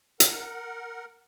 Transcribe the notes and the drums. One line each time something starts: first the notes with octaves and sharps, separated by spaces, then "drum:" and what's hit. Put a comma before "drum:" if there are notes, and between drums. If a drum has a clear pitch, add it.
A#4 F#5, drum: hi-hat